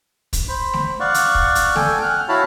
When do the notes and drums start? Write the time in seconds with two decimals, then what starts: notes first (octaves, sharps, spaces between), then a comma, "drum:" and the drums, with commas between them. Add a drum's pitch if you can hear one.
0.33 drum: kick, hi-hat
0.48 C5 B5
0.74 drum: snare A3
1.00 D5 F5 F#5 C#6
1.14 drum: hi-hat
1.35 drum: kick
1.55 drum: hi-hat
1.76 A4 G5 G#5, drum: snare A3
2.02 F#5 F6
2.29 E4 F#4 C#5 F5 A5 B5